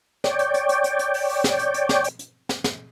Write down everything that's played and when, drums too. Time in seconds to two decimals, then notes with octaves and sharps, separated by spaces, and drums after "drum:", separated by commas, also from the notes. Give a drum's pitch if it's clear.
0.24 C#5 D5 G5, drum: snare
0.39 drum: hi-hat
0.54 drum: hi-hat
0.69 drum: hi-hat
0.84 drum: hi-hat
0.99 drum: hi-hat
1.14 drum: open hi-hat
1.29 drum: open hi-hat
1.44 drum: snare
1.59 drum: hi-hat
1.74 drum: hi-hat
1.89 drum: snare
2.04 drum: hi-hat
2.19 drum: hi-hat
2.49 drum: snare
2.64 drum: snare